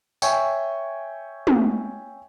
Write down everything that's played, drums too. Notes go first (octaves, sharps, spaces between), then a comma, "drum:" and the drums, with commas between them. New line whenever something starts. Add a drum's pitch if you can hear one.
C#5 E5 G5 G#5 C#6, drum: tambourine
drum: tom